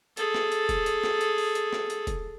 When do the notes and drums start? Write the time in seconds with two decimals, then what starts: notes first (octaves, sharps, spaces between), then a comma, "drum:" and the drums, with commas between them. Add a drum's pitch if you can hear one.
0.17 G#4 A4, drum: hi-hat
0.34 drum: snare
0.52 drum: hi-hat
0.69 drum: kick, hi-hat
0.86 drum: hi-hat
1.04 drum: snare
1.21 drum: hi-hat
1.38 drum: open hi-hat
1.55 drum: hi-hat
1.73 drum: snare
1.90 drum: hi-hat
2.07 drum: kick, hi-hat